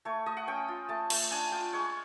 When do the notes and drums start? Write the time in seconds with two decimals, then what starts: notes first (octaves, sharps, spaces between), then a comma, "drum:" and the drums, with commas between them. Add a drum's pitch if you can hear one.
0.05 A3 C#5
0.26 A3 D#5
0.37 F#5
0.47 C#4 G5
0.68 F4
0.89 A3 A5
1.10 A3, drum: cymbal
1.31 D4 G#5
1.52 F4 G5
1.73 G#3 C#5